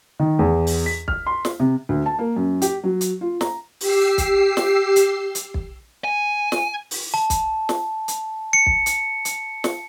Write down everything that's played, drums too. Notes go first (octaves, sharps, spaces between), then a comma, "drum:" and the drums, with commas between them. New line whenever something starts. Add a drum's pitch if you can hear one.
D#3
E2
drum: open hi-hat
B6
F6, drum: kick
C6
drum: snare
C3
D2
A5
A#3
F#2
G4, drum: hi-hat
F#3
drum: hi-hat
F4
A#5, drum: snare
G4 E6 C7, drum: open hi-hat
drum: kick, hi-hat
drum: snare
drum: hi-hat
drum: hi-hat
drum: kick
G#5
drum: snare
drum: open hi-hat
A5
drum: kick, hi-hat
drum: snare
drum: hi-hat
C#7
drum: kick
drum: hi-hat
drum: hi-hat
drum: snare